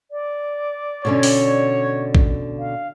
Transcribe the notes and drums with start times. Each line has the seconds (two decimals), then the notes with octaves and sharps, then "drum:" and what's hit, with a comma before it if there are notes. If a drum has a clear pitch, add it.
0.11 D5
1.05 B2 D3 C#4 C#5
1.23 drum: open hi-hat
2.15 drum: kick A1
2.58 F5